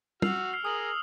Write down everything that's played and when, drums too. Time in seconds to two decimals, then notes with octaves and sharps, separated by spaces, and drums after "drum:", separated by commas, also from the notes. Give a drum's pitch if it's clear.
0.22 F#4 E6 F6 C7 F7, drum: tom
0.53 F6 C7
0.65 G#4 A#4 D#6 F#7